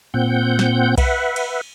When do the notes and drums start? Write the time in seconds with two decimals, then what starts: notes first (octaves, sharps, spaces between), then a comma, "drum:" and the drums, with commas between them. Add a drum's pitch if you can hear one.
0.14 A#2 C4 F#5 G6
0.59 drum: snare
0.98 B4 E5 F#5, drum: kick B1, cymbal
1.36 drum: cymbal